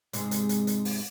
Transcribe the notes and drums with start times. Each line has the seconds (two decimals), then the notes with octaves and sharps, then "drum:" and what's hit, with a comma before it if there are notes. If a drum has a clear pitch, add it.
0.13 G#2 C3 G#3, drum: hi-hat
0.31 drum: hi-hat
0.49 drum: hi-hat
0.67 drum: hi-hat
0.85 drum: open hi-hat